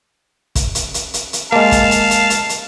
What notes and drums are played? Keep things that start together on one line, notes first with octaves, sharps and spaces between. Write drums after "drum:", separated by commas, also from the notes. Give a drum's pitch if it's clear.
drum: kick, hi-hat
drum: hi-hat
drum: hi-hat
drum: hi-hat
drum: hi-hat
G#3 A#3 F5 A5
drum: kick, hi-hat
drum: hi-hat
drum: hi-hat
drum: hi-hat
drum: hi-hat